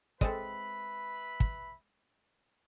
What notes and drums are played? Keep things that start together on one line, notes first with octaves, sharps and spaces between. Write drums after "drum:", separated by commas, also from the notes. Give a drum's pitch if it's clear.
G#3 C4 A4 B4 E5 B5, drum: kick
drum: kick